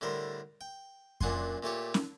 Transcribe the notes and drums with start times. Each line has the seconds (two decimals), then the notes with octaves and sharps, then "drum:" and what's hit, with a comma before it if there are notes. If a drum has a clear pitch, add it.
0.01 A2 D3 G3 A#4 C5
0.61 G5
1.21 F#2 A#2 D4 F#5 G#5 C6, drum: kick F2
1.63 A#2 A3 G4 C#5
1.94 drum: snare